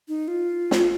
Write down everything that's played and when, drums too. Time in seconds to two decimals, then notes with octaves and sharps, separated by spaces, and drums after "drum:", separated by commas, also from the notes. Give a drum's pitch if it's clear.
0.08 D#4
0.28 F4
0.71 drum: snare